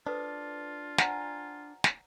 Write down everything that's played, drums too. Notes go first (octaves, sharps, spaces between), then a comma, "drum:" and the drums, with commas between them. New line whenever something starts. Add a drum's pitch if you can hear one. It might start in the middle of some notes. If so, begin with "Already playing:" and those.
D4 F4 A4 B4 C5
C5 D5 F#5 G#5 A#5, drum: snare
drum: snare